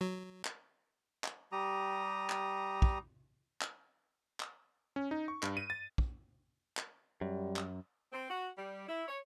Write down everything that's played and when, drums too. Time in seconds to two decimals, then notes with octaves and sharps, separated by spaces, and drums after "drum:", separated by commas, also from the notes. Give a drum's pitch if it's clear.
0.01 F#3
0.45 drum: clap
1.24 drum: clap
1.52 G3 G4 A#5 D#6
2.29 drum: clap
2.82 drum: kick
3.61 drum: clap
4.40 drum: clap
4.96 C#4
5.11 D#4
5.28 C#6
5.43 G2, drum: clap
5.57 D#7
5.70 A6
5.98 drum: kick
6.77 drum: clap
7.21 F#2 G3
7.56 drum: clap
8.13 C4
8.29 F#4
8.57 G3
8.88 E4
9.08 C#5